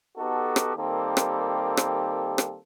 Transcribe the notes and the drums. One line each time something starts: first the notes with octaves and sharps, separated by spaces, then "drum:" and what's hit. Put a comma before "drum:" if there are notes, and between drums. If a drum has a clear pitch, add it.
B3 D#4 F#4 G4 A4
drum: rim click
D#3 G3 A#3 C4 G4 A4
drum: rim click
drum: rim click
drum: rim click